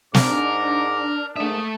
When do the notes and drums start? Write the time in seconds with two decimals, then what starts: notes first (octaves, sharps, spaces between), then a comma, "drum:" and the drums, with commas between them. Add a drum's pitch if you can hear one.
0.14 G#2 D4 A#4 D6, drum: snare
1.36 G#2 A3 A#3 E5 D#6